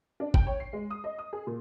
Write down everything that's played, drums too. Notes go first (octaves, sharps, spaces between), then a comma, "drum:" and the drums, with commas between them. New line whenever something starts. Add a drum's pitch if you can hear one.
D4
G5, drum: kick
C#5
C7
G#3
D#6
D#5
D#6
G#4
A#2